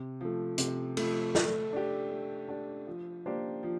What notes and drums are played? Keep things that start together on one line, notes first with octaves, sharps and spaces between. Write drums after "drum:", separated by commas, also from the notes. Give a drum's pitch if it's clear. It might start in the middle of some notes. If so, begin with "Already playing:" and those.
Already playing: C3
F3 A3
C3, drum: hi-hat
F3 A3, drum: cymbal
A3, drum: snare
D4 G4
A3
D4 G4
F3
A#3 D4 G4 C5
F3